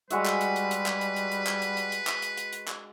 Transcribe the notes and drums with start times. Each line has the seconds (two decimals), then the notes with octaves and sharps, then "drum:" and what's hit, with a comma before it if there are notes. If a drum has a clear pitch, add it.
0.10 G3 G#3 F#4 B4 E5, drum: hi-hat
0.26 drum: clap
0.41 drum: hi-hat
0.56 drum: hi-hat
0.71 drum: hi-hat
0.86 drum: clap
1.01 drum: hi-hat
1.16 drum: hi-hat
1.32 drum: hi-hat
1.47 drum: clap
1.62 drum: hi-hat
1.77 drum: hi-hat
1.92 drum: hi-hat
2.07 drum: clap
2.22 drum: hi-hat
2.37 drum: hi-hat
2.53 drum: hi-hat
2.68 drum: clap